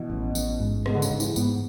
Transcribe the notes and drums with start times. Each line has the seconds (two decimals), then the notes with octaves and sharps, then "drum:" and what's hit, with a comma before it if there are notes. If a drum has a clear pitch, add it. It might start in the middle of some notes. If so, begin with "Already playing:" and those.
Already playing: B2 E3
0.10 A1
0.35 A1, drum: tambourine
0.60 G#2
0.86 B2 G#3, drum: rim click
0.95 D3
1.02 C#3, drum: tambourine
1.11 G#2
1.20 E3, drum: tambourine
1.36 G#2 B3, drum: tambourine